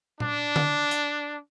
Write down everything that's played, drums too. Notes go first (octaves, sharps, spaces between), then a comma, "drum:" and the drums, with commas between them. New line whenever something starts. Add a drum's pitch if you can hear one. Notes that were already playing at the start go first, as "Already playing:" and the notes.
D4, drum: tom A#2
drum: tom D3
drum: hi-hat